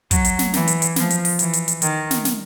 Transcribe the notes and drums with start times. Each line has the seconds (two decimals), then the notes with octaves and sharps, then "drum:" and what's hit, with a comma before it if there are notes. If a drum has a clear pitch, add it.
0.11 F#3, drum: kick, hi-hat
0.25 drum: hi-hat
0.39 drum: snare
0.53 E3, drum: snare
0.68 drum: hi-hat
0.82 drum: hi-hat
0.96 F3, drum: snare
1.10 drum: hi-hat
1.25 drum: open hi-hat
1.39 E3, drum: hi-hat
1.53 drum: hi-hat
1.68 drum: hi-hat
1.82 D#3, drum: hi-hat
2.11 drum: snare
2.25 drum: snare